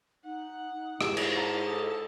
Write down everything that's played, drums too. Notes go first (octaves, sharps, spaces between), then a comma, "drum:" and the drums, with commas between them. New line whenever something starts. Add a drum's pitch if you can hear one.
D#4 F#5
G#2 E4 G4 E6, drum: rim click
drum: cymbal
F#5 A5 A#5
A4 D#6